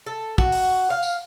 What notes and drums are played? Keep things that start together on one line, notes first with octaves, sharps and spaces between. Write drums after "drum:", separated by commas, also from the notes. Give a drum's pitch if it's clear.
A4
F#4, drum: kick
drum: open hi-hat
F5
drum: tambourine